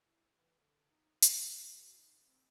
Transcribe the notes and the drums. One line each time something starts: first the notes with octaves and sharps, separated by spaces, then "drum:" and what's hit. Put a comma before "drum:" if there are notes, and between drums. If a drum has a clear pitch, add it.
E4
E3
D3
D#4
E3, drum: hi-hat
E4
B2
D#4
C4